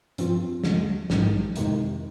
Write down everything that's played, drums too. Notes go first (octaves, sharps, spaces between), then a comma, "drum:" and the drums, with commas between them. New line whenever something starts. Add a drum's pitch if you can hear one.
G2 F3 C4 F4, drum: hi-hat
D#2 D3 G#3, drum: snare
A#1 G#2 D#3 G#3 D#4, drum: snare
F2 C3 D#3 G#3 D#4, drum: hi-hat